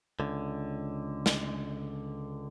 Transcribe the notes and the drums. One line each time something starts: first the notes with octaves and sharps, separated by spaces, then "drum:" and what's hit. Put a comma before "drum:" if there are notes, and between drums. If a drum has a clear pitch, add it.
C#2 D3
drum: snare